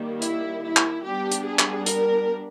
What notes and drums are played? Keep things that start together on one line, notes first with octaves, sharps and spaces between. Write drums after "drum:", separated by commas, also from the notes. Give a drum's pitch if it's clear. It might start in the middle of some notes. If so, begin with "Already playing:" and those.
Already playing: D#3 G3 A#3
E4, drum: hi-hat
E4
drum: clap
G3 B3 D4 G4
drum: hi-hat
G#4
drum: clap
A#4, drum: hi-hat